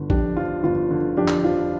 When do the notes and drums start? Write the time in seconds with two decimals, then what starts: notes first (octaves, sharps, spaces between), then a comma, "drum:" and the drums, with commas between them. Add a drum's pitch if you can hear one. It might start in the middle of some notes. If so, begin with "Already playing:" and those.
Already playing: G1 D3
0.10 F2 D4 G4, drum: kick
0.37 F3 F4
0.63 G1 F4
0.91 D3
1.17 F2 D4 G4
1.28 drum: clap
1.44 F3 F4